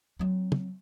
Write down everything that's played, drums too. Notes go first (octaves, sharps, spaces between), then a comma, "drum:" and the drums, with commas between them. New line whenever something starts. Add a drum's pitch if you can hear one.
F#3 C4
drum: tom